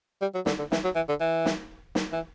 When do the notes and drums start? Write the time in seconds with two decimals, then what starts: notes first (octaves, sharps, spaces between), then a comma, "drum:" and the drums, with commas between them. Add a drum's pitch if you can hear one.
0.21 G3
0.35 F#3
0.46 D3, drum: snare
0.59 D3
0.72 E3, drum: snare
0.84 F#3
0.96 E3
1.09 D3
1.20 E3
1.46 drum: snare
1.95 drum: snare
2.13 E3